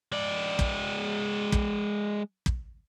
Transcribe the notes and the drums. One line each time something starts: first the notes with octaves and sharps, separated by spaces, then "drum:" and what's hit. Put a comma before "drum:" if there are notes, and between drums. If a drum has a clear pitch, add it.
G#3 D5
drum: kick
drum: kick
drum: kick